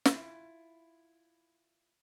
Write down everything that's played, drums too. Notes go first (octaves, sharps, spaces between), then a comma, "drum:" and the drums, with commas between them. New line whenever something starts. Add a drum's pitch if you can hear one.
E4 F4, drum: snare